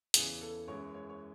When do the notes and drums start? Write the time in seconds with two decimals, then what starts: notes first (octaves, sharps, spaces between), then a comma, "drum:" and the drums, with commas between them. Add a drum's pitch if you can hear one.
0.14 E2 C#3 E3 G#4, drum: hi-hat
0.41 A4
0.67 F#2 E3 G#3 C#5
0.94 C#5
1.09 C#5